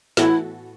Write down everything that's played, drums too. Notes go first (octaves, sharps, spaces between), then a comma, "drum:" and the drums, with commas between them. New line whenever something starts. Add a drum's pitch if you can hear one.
A2 E3 B3 E4 F#4 A4, drum: snare